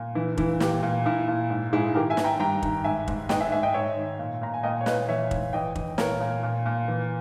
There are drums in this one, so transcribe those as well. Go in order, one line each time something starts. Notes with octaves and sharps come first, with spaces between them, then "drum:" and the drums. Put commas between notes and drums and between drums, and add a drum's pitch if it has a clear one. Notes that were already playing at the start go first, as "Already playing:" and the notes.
Already playing: A#2
E3 E4
E3 E4, drum: kick
A#2 G4, drum: snare
A#2
A#2 E4
A#2
G#2
G#2 E4 G#4
D#3 G4 A#4
E5 G#5
D#3, drum: snare
G5 A#5
G2 G5 A#5
D#3, drum: kick
G#2 E5 G#5
G#2, drum: kick
G#2 D#5 G5, drum: snare
E5 G#5
G#2 E5 G#5
D#5 G5
G#2 C#5 E5
D#3
A#2
A#2 A#5
G#5
A#2 D#5 G5
C#5
A#2 B4 D#5, drum: snare
E3 C#5 E5
G#2, drum: kick
E3 D#5 G5
E3, drum: kick
A#2 A#4 C#5, drum: snare
A#2
A#2
A#2
E3